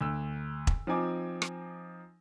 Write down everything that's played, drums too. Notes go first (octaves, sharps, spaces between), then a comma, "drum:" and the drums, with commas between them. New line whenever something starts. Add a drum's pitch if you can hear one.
D2 E6
drum: kick E1
F3 C4 D#4 G#5 D6
drum: rim click